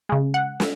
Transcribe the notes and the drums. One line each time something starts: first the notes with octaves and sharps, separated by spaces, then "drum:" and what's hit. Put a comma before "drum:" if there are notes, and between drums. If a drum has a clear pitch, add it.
C#3 G#3
F#5
drum: snare